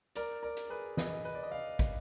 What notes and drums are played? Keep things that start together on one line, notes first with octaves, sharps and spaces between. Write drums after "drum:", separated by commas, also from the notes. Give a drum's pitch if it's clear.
A#4 D5, drum: hi-hat
A#4 D5
drum: hi-hat
G#4 B4
B4 D#5, drum: snare
B4
D5
D#5
D5 F5
drum: kick, hi-hat